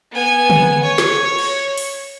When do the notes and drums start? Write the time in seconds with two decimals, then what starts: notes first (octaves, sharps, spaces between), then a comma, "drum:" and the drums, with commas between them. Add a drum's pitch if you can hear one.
0.12 B3 G#5
0.50 drum: tom
0.84 C#5
0.98 drum: snare
1.39 drum: cymbal
1.77 drum: open hi-hat